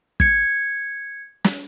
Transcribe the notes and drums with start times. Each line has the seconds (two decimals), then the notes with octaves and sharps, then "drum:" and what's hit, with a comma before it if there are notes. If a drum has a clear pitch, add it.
0.20 G#6 C#7, drum: kick
1.44 drum: snare